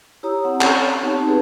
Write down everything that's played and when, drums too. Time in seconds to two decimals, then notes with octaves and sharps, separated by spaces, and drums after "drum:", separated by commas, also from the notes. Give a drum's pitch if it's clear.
0.23 E4 G4 C#5 A#5 D#6 E6
0.44 C4 F#5
0.61 C#4 A4 C#5 C#6, drum: clap
0.81 C#5
1.01 B3 C4 D#4 G4 A5
1.27 D#4 G#4 B4